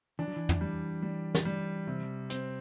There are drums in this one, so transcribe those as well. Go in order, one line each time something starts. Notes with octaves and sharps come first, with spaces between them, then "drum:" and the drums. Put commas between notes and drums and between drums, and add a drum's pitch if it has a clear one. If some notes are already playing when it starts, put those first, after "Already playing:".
E3 D4
F#3
E3
drum: tom
G3
G3
drum: snare
G3
C3
C4, drum: hi-hat